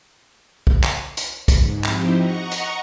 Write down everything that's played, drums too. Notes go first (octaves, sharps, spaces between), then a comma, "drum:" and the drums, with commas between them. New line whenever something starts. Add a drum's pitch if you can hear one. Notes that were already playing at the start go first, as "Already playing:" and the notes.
drum: kick
drum: clap
drum: hi-hat
G#2, drum: kick, hi-hat
F3 C4 D#4 E4 G4 C5, drum: clap
D#5 F#5 A#5 C#6
drum: hi-hat